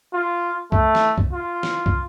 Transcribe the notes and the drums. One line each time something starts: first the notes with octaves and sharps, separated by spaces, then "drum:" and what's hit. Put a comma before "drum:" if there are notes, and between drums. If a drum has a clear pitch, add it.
F4
A3, drum: kick
drum: snare
drum: kick
F4
drum: snare
drum: kick